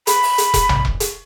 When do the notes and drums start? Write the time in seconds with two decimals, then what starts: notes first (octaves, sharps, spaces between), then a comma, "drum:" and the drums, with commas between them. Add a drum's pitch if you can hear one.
0.07 B5, drum: hi-hat
0.23 drum: open hi-hat
0.38 drum: hi-hat
0.54 drum: kick E1, hi-hat
0.69 drum: tom A#1
0.85 drum: kick E1
1.00 drum: hi-hat